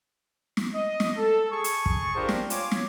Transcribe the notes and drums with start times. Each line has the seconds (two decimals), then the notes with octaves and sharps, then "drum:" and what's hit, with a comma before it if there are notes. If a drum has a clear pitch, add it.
0.57 drum: snare
0.75 D#5
1.00 drum: snare
1.18 A4
1.51 G#4 A5 C#6
1.64 drum: hi-hat
1.86 drum: kick
2.16 D4 F4 G4 A#4 C5
2.29 drum: snare
2.50 F4 C#5 G#5 D6, drum: hi-hat
2.71 drum: snare